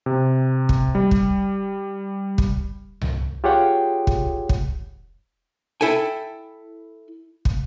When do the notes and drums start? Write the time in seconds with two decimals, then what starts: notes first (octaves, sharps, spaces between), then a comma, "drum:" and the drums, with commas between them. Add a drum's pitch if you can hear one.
0.06 C3
0.69 drum: kick
0.95 G3
1.11 drum: kick
2.38 drum: kick
3.01 drum: tom C2
3.44 F4 G4 G#4 C#5 F#5 G5
4.07 drum: kick
4.49 drum: kick
5.81 E4 A4 G5 G#5
7.45 drum: kick